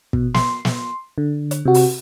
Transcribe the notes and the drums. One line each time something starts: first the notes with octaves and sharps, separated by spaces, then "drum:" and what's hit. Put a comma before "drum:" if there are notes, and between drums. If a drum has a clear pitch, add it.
B2, drum: kick
C6, drum: snare
drum: snare
D3
drum: hi-hat
C3 F#4
drum: open hi-hat